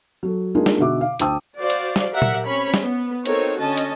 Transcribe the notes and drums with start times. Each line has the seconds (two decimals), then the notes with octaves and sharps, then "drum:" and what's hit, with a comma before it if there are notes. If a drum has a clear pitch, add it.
0.23 F#3 A4
0.55 G#3 A#3 D4 D#4 F4 G#4
0.66 drum: snare
0.78 B2 D3 D#4 F#4 E5 D6
1.01 F5
1.19 D2 C5 G5 A5 D#6 E6, drum: hi-hat
1.59 F#4 C5 D5 F5
1.70 drum: hi-hat
1.96 drum: snare
2.13 G4 A#4 E5 F#5
2.22 drum: tom A#2
2.45 C4 C#4 C#5 B5
2.74 drum: snare
2.83 B3
3.26 C4 D#4 F#4 A4 A#4 C#5, drum: hi-hat
3.60 D3 C#4 D#5 A5
3.77 drum: hi-hat